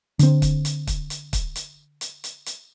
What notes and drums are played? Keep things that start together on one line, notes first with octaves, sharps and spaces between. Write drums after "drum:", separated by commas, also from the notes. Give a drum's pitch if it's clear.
D3 C4, drum: hi-hat
drum: kick, hi-hat
drum: hi-hat
drum: kick, hi-hat
drum: hi-hat
drum: kick, hi-hat
drum: hi-hat
drum: hi-hat
drum: hi-hat
drum: hi-hat